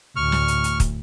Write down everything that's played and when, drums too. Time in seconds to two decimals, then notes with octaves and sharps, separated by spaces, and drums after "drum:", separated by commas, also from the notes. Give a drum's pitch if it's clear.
0.16 D2 A2 C#6 F6
0.32 drum: snare
0.48 drum: hi-hat
0.64 drum: hi-hat
0.80 drum: kick, hi-hat